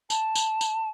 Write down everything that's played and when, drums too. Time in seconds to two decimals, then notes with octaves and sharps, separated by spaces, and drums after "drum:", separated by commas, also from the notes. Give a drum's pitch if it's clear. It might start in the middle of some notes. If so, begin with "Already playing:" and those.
0.10 A5, drum: tambourine
0.35 drum: tambourine
0.61 drum: tambourine